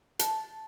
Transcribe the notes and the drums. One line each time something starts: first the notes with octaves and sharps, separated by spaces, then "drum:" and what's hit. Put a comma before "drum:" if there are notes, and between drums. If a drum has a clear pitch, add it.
A5, drum: hi-hat